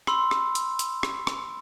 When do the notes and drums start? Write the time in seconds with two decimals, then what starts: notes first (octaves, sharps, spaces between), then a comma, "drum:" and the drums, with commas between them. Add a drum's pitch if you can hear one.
0.07 B5 C6 E6, drum: rim click
0.31 drum: rim click
0.55 drum: hi-hat
0.79 drum: hi-hat
1.03 drum: rim click
1.27 drum: rim click